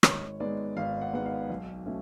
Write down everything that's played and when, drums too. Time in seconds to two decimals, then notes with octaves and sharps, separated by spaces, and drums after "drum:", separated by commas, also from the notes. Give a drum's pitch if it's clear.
0.03 G#1 C#5, drum: rim click
0.40 G#2 G#3 B3 D5
0.77 G#1 F5
1.01 F#5
1.13 G#2 G#3 B3 F#5
1.26 F5
1.50 B1
1.86 B2 A3 C#4